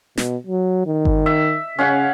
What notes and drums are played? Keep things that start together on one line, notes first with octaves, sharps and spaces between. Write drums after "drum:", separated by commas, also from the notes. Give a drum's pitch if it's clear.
B2, drum: snare
F#3
D#3
drum: kick G1
E5
C#3 C#4 F5 F#5